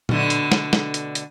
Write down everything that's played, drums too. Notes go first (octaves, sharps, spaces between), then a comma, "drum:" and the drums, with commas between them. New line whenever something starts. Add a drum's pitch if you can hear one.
B2 D3 A3, drum: tom A#2
drum: hi-hat
drum: snare
drum: snare
drum: hi-hat
drum: hi-hat